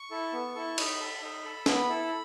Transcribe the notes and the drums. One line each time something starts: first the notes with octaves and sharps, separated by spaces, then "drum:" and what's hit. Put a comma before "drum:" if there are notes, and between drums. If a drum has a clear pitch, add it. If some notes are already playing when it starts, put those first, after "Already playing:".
Already playing: C#6
E4 A4
B3
E4 A4
D#4 B5, drum: cymbal
A4
D#4
A4
B3 B5, drum: snare
E4 A4